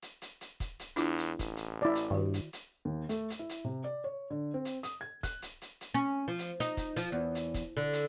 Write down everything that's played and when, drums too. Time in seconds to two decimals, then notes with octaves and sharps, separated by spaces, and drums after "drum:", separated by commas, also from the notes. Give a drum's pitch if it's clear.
0.02 drum: hi-hat
0.22 drum: hi-hat
0.41 drum: hi-hat
0.60 drum: kick, hi-hat
0.79 drum: hi-hat
0.96 E2 D4 E4 F4, drum: hi-hat
1.18 drum: hi-hat
1.39 A1, drum: kick, hi-hat
1.57 drum: hi-hat
1.82 E4 D5
1.95 drum: hi-hat
2.11 G2 D#3 F#4
2.34 drum: hi-hat
2.53 drum: hi-hat
2.85 D#2
3.09 A3, drum: hi-hat
3.30 drum: hi-hat
3.39 E4
3.49 drum: hi-hat
3.64 C3
3.84 D5
4.04 C#5
4.30 D3
4.54 C4
4.65 drum: hi-hat
4.83 D#6, drum: hi-hat
5.01 G#6
5.23 F#6, drum: kick, hi-hat
5.42 drum: hi-hat
5.62 drum: hi-hat
5.81 drum: hi-hat
5.94 C#4
6.28 F3
6.39 drum: hi-hat
6.60 D#4, drum: hi-hat
6.77 drum: kick, hi-hat
6.97 F3, drum: hi-hat
7.12 E2
7.35 drum: hi-hat
7.54 drum: kick, hi-hat
7.77 D3
7.93 drum: hi-hat